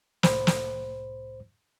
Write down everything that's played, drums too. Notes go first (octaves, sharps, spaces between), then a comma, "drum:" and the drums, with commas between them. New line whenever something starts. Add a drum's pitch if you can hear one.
C2 A2 C5 B5, drum: snare
drum: snare